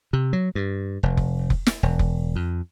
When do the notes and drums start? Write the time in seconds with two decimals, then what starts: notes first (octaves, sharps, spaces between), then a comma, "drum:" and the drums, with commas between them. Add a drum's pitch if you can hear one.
0.13 C3
0.33 F#3
0.55 G2
1.03 F1
1.17 drum: kick F1
1.50 drum: kick F1
1.67 drum: snare
1.83 E1
1.99 drum: kick F1
2.36 F2